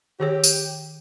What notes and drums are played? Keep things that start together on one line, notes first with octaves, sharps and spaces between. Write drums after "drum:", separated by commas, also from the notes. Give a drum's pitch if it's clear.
D#3 G4 G#4 C#5
drum: tambourine